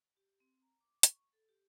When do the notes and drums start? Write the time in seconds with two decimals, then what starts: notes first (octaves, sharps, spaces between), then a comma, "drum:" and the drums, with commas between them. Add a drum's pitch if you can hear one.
0.17 G4
0.40 C4
0.62 A#5
0.80 D6
1.03 C#6, drum: hi-hat
1.33 A4
1.49 G4